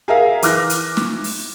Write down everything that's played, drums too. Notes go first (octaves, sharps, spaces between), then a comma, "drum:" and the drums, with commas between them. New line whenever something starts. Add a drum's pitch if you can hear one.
G#4 A#4 E5 F5
E3 D6 F6 F#6 A#6, drum: hi-hat
drum: hi-hat
drum: snare
drum: open hi-hat